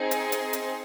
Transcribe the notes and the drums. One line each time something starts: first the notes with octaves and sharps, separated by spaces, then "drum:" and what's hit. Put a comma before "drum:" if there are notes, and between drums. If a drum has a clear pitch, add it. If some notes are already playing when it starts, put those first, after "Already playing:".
Already playing: C4 D#4 G#4
drum: hi-hat
drum: hi-hat
drum: hi-hat